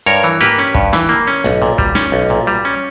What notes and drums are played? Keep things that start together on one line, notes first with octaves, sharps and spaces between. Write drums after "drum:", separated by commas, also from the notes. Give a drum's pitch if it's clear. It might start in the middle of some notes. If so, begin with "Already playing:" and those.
G2 A#4 C#5
E3
A#3 G4 B4, drum: tom
C#4
G2, drum: kick
E3, drum: snare
A#3
C#4
B1, drum: tom
A#2
G3, drum: kick
C#4, drum: snare
B1
A#2
G3
C#4